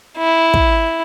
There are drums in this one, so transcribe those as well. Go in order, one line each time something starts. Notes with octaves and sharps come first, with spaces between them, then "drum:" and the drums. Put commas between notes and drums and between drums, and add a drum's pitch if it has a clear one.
E4
drum: kick